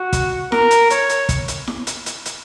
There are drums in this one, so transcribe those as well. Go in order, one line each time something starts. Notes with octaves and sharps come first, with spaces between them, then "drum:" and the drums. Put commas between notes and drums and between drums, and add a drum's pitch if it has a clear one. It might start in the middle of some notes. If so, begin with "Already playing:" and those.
Already playing: F#4
drum: kick, hi-hat
A#4, drum: snare E4
drum: hi-hat
C#5, drum: hi-hat
drum: hi-hat
drum: kick, hi-hat
drum: hi-hat
drum: snare E4
drum: hi-hat
drum: hi-hat
drum: hi-hat